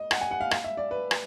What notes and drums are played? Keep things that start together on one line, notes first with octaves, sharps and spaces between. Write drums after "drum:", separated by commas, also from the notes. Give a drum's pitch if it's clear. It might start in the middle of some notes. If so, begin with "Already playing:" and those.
Already playing: D#5
F#5, drum: rim click
G#5
F#5
F5
F5, drum: rim click
E5
D5
B4
drum: rim click